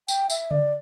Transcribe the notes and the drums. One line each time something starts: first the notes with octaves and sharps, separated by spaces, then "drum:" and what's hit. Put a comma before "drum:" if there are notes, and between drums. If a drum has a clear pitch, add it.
G5, drum: tambourine
E5, drum: tambourine
D5, drum: tom C#3